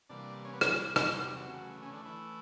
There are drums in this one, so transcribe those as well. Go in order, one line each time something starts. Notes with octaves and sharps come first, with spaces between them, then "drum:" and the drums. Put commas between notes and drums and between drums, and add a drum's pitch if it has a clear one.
C3 E3 G3 A#3 D4 D5
C#4 C#5
B3 B4
A#3 A#4, drum: rim click
G#3 G#4
drum: rim click
F#3 F#4
G3 G4
F#3 F#4
C#3 E3 A3
C#3 C#4
D3 D4
E3 E4